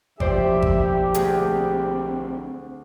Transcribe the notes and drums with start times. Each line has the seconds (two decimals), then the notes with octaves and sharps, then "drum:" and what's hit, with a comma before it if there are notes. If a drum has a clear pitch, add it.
0.20 B1 F3 G4 C5 D5 E5, drum: kick G#1
0.62 drum: kick G#1
1.14 D2 C4 G#4, drum: hi-hat